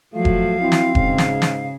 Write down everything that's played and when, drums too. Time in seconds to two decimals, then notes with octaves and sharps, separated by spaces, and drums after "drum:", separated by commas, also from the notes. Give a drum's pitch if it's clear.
0.14 F3 F#3 A3 F5
0.25 drum: kick E1
0.61 C4 E4
0.72 drum: snare
0.95 G#2 C#3, drum: kick E1
1.18 drum: snare
1.42 drum: snare